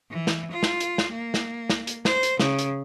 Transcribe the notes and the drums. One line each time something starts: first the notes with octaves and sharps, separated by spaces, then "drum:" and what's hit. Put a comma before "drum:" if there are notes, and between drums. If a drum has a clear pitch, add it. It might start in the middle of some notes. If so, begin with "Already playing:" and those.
E3
drum: snare
F4
drum: snare
drum: hi-hat
drum: snare
A#3
drum: snare
drum: snare
drum: hi-hat
C5, drum: snare
drum: hi-hat
C#3, drum: snare
drum: hi-hat